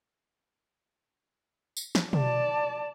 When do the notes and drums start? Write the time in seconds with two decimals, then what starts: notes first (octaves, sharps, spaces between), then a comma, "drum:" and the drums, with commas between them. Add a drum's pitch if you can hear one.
1.77 drum: tambourine
1.95 drum: snare
2.13 D5 A5, drum: tom